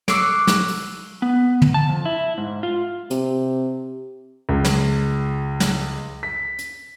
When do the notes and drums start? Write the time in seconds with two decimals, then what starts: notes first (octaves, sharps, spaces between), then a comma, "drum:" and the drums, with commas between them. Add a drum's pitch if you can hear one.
0.08 C#6 D6 E6 F#6 C7 D7, drum: snare
0.47 drum: snare
0.68 drum: open hi-hat
1.22 B3
1.62 drum: tom
1.74 A5
1.89 F2
2.05 E4
2.38 G#2
2.63 F4
3.11 C3, drum: hi-hat
4.49 C#2
4.64 drum: snare
5.60 drum: snare
6.23 B6
6.59 drum: hi-hat